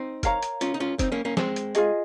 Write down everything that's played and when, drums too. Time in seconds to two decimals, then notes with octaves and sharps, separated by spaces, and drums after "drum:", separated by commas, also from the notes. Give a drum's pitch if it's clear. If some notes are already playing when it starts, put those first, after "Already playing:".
Already playing: C4 D#4
0.23 A#4 C#5 F5 A#5, drum: kick, hi-hat
0.43 drum: hi-hat
0.61 C#4 F4, drum: hi-hat
0.74 D#4
0.80 C#4 F4
0.99 C4 D#4, drum: kick, hi-hat
1.12 A#3 C#4
1.25 A#3 C#4
1.37 G#3 C4, drum: snare F3
1.56 drum: hi-hat
1.75 F4 G#4 D#5, drum: hi-hat